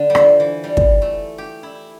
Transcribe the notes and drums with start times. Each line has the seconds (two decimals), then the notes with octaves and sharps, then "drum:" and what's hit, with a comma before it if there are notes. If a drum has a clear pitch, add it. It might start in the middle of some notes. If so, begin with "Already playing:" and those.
Already playing: D3
0.10 G3
0.15 F3, drum: rim click
0.40 E3
0.64 G3
0.77 drum: kick
1.02 A3
1.38 G4
1.63 E4